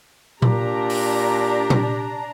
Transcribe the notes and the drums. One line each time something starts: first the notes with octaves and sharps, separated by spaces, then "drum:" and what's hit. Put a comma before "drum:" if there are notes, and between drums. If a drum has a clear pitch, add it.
A#2 D4 G4 A#5, drum: tom A#2
drum: open hi-hat
drum: tom A#2